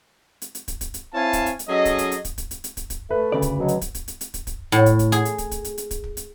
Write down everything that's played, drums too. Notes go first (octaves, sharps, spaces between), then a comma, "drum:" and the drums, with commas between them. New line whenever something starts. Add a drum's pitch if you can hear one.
drum: hi-hat
drum: hi-hat
drum: kick, hi-hat
drum: kick, hi-hat
drum: hi-hat
C4 E4 C#5 F5 G#5 A5
drum: kick, hi-hat
drum: hi-hat
drum: hi-hat
F#3 C#4 G#4 A4 D#5
drum: kick, hi-hat
drum: hi-hat
drum: hi-hat
drum: kick, hi-hat
drum: kick, hi-hat
drum: hi-hat
drum: hi-hat
drum: kick, hi-hat
drum: kick, hi-hat
A3 B4
D2 C#3 D5
drum: kick, hi-hat
B2 F#3
drum: hi-hat
drum: kick, hi-hat
drum: kick, hi-hat
drum: hi-hat
drum: hi-hat
drum: kick, hi-hat
drum: kick, hi-hat
A2, drum: hi-hat
drum: kick, hi-hat
drum: kick, hi-hat
G#4, drum: hi-hat
drum: hi-hat
drum: kick, hi-hat
drum: kick, hi-hat
drum: hi-hat
drum: hi-hat
drum: kick, hi-hat
drum: kick
drum: hi-hat